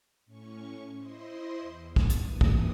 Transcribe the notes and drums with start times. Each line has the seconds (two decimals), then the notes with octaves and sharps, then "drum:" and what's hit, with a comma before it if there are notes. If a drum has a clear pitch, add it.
0.26 A2 C#4 C#6
0.96 E4 C5 D#5 C6
1.61 E2
1.96 drum: kick
2.10 G2 A#2 E3 D#6, drum: hi-hat
2.41 drum: kick